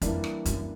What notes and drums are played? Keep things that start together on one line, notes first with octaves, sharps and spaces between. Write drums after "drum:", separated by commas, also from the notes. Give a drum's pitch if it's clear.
F2 E3 G3 A#3 D4, drum: hi-hat
drum: rim click
F#2, drum: hi-hat